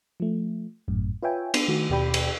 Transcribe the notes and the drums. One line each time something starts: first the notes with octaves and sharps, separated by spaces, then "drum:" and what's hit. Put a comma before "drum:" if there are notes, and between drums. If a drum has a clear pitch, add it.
F3 A3
G#1 F#2 A2
F4 B4 C#5 E5 G5 G#5
B3 D4 C7, drum: cymbal
D#3 A3 F#4
D#2 B2 G4 D5 G5 B5
drum: cymbal